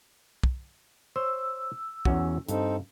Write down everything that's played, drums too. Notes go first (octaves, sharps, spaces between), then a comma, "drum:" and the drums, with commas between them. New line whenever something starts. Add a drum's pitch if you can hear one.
drum: kick
C5 C#5 E6
E2 C#4 F#4, drum: kick
G2 C4 D#4 A4, drum: hi-hat